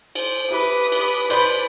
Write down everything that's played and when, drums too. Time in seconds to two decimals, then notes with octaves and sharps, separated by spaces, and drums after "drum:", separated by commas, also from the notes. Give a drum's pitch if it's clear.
0.15 C5, drum: cymbal
0.50 E4 G4 B4 D#6
0.92 drum: cymbal
1.30 B4 C5 D5 B5, drum: cymbal